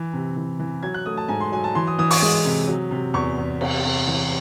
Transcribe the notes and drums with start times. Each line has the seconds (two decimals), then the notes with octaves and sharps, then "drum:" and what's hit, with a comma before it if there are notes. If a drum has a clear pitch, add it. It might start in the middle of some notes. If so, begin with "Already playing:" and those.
Already playing: E3
0.13 C3
0.37 E3
0.59 E3
0.83 F#3 G#6
0.94 F#6
1.06 A3 D#6
1.17 A5
1.28 G#2 G#5
1.41 C6
1.52 F#3 G#5
1.64 A5
1.75 E3 C6
1.87 D#6
1.99 E3 D#6
2.11 C#6, drum: open hi-hat
2.21 G#3 D#6
2.45 C3
2.68 F#3
2.91 C3
3.14 E2 C#6
3.38 E2
3.61 C3, drum: cymbal
3.85 C3
4.07 E3